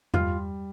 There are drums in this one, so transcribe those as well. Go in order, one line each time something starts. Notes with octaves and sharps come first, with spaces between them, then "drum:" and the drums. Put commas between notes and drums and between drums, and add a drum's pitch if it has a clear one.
G3 F4, drum: tom E2